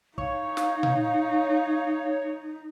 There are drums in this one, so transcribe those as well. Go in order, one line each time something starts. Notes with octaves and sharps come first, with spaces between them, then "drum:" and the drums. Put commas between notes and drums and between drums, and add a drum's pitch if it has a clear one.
D#4 C#5 F5, drum: kick
drum: snare
drum: tom A#2